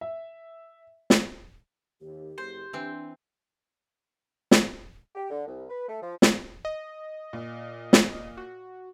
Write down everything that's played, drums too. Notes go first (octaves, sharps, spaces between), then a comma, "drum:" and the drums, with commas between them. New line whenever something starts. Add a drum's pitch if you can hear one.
E5
drum: snare
D#2 G4
F#1 C5
E3 C4 D4
drum: snare
G4
D3
C2
B4
A3
F3
drum: snare
D#5
A#2
drum: snare
F#4